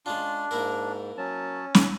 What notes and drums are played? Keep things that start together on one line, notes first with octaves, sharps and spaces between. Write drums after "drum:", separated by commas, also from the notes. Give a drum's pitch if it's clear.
G#3 C#4 D4 F4
G#2 A#3 E4 A#4
F#3 C#4 A5
drum: snare